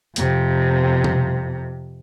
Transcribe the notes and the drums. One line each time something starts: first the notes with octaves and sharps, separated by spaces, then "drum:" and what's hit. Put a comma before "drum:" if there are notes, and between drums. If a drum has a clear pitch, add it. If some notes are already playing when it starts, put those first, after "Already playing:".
F2 C3, drum: hi-hat
drum: tom B2